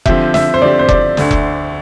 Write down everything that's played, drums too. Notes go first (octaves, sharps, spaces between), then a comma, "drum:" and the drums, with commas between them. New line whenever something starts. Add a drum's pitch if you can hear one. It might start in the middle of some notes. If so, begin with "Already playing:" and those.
D3 F3 C4 G4 E5, drum: kick F1
E5, drum: snare
C5
D3 F3 C4 G4 D5
C5
D5, drum: kick F1
D2 D3 A3, drum: snare
drum: kick F1